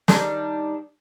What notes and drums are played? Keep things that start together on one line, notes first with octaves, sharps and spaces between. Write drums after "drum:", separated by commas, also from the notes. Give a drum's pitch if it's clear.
D#3 G3 D4, drum: snare